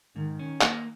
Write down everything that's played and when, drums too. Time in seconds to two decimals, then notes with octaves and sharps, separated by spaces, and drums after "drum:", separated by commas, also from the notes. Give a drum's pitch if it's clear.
0.16 G#2 D#3
0.39 C#4
0.61 A#3, drum: clap